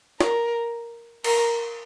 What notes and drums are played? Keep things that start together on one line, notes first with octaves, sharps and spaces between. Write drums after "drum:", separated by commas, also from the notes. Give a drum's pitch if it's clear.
A#4, drum: snare
A#4, drum: cymbal